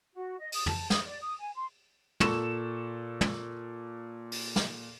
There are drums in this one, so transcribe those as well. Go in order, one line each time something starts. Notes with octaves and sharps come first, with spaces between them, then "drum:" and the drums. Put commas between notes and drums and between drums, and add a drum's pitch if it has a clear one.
F#4
D#5
D#6, drum: open hi-hat
A5, drum: tom
D#6, drum: snare
D5
D#6
G#5
C6
A#2 A4 C#6 E7, drum: tom
drum: tom
drum: open hi-hat
drum: snare